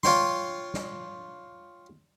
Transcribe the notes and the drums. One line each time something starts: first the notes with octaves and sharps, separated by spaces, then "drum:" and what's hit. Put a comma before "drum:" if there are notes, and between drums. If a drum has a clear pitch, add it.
F4 C#5 G5 C6, drum: snare
drum: snare